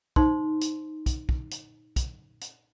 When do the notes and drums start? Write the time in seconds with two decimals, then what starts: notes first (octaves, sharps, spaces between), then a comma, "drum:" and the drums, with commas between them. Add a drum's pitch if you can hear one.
0.16 D#4 C5 C6, drum: kick
0.61 drum: hi-hat
1.06 drum: kick, hi-hat
1.29 drum: kick
1.51 drum: hi-hat
1.96 drum: kick, hi-hat
2.41 drum: hi-hat